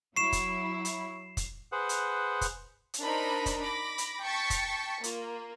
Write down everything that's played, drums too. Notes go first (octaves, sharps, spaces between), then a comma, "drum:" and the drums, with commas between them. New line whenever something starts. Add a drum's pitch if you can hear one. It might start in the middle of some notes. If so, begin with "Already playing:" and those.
F#3 E4 C#6 C7 E7
drum: kick, hi-hat
drum: hi-hat
drum: kick, hi-hat
G#4 B4 C5 F#5
drum: hi-hat
drum: kick, hi-hat
drum: hi-hat
D4 D#4 A#4 C5 A#5 B5
drum: kick, hi-hat
B5 D6 A#6
drum: hi-hat
G5 A5 C#6 A6 B6 C#7
drum: kick, hi-hat
A#3 F4, drum: hi-hat